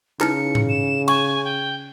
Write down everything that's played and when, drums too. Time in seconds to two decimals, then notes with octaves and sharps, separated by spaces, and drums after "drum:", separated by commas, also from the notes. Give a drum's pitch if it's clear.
0.20 C#3 D#4 E4 B4 C#7, drum: clap
0.55 drum: tom G#2
0.69 E7
1.08 G#5 C#6, drum: cymbal
1.45 G5